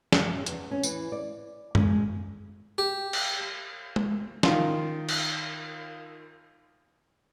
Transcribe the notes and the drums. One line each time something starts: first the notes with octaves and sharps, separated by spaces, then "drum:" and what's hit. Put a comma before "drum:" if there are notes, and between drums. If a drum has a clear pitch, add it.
F#2, drum: snare
E2, drum: hi-hat
C#4
E3, drum: tambourine
D5
G#3, drum: tom F#2
G4
drum: cymbal
drum: tom
D#3 F4 C6, drum: snare
drum: cymbal